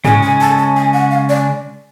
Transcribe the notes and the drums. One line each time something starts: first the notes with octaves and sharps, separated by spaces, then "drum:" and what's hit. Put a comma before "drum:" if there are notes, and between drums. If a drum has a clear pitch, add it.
C#3 G#3 C#4 G#5, drum: tom G#2
G#5
A5
A5
G#5
F#5
F5
D5